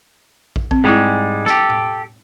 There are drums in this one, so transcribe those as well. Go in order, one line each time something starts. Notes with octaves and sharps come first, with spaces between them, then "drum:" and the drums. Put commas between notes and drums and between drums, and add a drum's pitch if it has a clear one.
drum: kick
C4, drum: kick
G#2 G3 G#3 E4 G#4
G4 A4, drum: snare
drum: tom A2